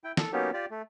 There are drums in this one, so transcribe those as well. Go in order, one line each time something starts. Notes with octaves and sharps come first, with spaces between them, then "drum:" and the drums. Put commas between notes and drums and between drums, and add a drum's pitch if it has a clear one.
E4 G5
A4, drum: snare
F#3 A#3 B3 C#4 D#4 G4
F4 G4 D5
A3